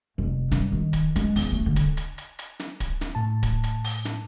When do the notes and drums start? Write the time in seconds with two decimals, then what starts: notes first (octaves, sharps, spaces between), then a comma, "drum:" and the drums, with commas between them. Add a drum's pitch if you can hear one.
0.18 F1
0.51 G2, drum: snare
0.72 D#3
0.93 drum: kick, hi-hat
1.16 G#3, drum: hi-hat
1.36 E2, drum: open hi-hat
1.52 A3
1.66 D3
1.76 drum: kick, hi-hat
1.97 drum: hi-hat
2.18 drum: hi-hat
2.39 drum: hi-hat
2.59 drum: snare
2.80 drum: kick, hi-hat
3.01 drum: snare
3.15 A2 A5
3.43 drum: kick, hi-hat
3.64 drum: hi-hat
3.84 drum: open hi-hat
4.05 drum: snare